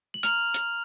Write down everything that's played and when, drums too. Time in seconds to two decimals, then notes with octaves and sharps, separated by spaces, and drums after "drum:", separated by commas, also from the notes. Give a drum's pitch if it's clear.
0.14 F#7
0.23 A#5 F6 F7, drum: hi-hat
0.54 drum: hi-hat